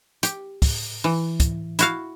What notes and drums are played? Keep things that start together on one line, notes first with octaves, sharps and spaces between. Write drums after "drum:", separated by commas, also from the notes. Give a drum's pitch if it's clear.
G4, drum: hi-hat
drum: kick, open hi-hat
E3
drum: kick, hi-hat
E4 F#4 F5, drum: hi-hat